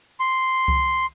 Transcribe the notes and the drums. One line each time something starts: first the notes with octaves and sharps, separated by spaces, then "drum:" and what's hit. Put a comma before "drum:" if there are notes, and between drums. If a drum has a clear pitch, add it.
C6
drum: kick C2